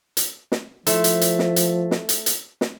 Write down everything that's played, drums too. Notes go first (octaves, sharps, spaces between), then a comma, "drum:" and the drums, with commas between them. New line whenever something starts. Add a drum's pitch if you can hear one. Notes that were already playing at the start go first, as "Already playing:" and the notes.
drum: hi-hat
drum: snare
F3 A3 E4 C5, drum: hi-hat
drum: hi-hat
drum: hi-hat
drum: snare
drum: hi-hat
drum: snare
drum: hi-hat
drum: hi-hat
drum: snare